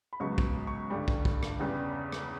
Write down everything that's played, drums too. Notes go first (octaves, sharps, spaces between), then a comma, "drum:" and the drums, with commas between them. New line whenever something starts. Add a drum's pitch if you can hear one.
B5
C#2 C#3 F#3 B3 C#6
drum: kick
C#6
G2 D3 G3
drum: kick
drum: kick
drum: rim click
E2 C#3 G3 B3
drum: rim click